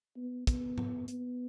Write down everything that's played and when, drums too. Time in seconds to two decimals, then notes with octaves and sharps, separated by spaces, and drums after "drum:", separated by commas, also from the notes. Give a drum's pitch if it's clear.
0.17 B3
0.47 B3, drum: kick, hi-hat
0.78 drum: tom G#2
1.08 B3, drum: hi-hat